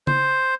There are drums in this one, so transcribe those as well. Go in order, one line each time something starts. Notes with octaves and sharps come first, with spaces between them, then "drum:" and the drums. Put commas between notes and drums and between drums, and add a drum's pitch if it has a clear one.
C5, drum: tom C#3